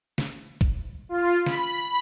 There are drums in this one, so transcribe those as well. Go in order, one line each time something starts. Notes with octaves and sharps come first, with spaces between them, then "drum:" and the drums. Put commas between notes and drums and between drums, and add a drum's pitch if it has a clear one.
drum: snare
drum: kick, hi-hat
F4
B5, drum: snare